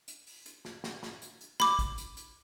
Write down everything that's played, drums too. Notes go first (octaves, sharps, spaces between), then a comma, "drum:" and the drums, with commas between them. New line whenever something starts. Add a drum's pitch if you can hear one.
drum: hi-hat
drum: open hi-hat
drum: hi-hat
drum: snare
drum: snare
drum: snare
drum: hi-hat
drum: hi-hat
B5 D6, drum: snare
drum: kick G#1, hi-hat
drum: hi-hat
drum: hi-hat